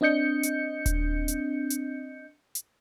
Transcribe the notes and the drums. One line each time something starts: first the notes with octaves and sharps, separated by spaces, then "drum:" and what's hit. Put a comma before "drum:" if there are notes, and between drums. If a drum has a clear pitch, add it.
C4 D4 D#5 G6 C#7
drum: hi-hat
drum: kick D#1, hi-hat
drum: hi-hat
drum: hi-hat
drum: hi-hat